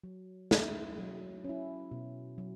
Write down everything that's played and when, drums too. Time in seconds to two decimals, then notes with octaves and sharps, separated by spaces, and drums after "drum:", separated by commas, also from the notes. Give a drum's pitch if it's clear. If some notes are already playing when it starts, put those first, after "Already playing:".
0.04 F#3
0.51 C#4 E4, drum: snare
0.98 F#3
1.44 C#4 E4
1.91 B2
2.38 F#3